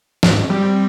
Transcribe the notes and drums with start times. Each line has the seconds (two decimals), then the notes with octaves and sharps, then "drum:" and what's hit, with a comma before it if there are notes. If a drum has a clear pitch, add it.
0.23 G#2, drum: snare
0.50 G3 C4